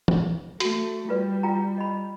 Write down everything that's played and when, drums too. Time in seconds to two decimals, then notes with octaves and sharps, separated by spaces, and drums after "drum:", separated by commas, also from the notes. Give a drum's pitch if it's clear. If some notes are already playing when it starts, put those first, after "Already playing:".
0.08 drum: tom
0.60 A3 F#4, drum: hi-hat
1.09 G3 F4 B4 D5
1.43 F4 G5 A#5
1.78 D#5 B5